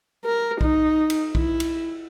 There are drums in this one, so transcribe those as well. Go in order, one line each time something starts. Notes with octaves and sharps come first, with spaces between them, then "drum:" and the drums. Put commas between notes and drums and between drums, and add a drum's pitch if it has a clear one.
A#4
D#4, drum: kick B1
drum: cymbal
E4, drum: kick B1
drum: cymbal